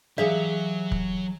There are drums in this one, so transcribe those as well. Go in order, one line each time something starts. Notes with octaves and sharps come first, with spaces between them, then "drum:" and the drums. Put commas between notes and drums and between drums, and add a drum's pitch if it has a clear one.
E3 F#3 G4 G#4 E5 F5
drum: kick